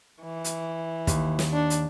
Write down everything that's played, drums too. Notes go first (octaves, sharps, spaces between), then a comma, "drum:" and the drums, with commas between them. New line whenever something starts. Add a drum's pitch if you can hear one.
E3
drum: hi-hat
D#2, drum: kick, hi-hat
drum: snare
D4
drum: hi-hat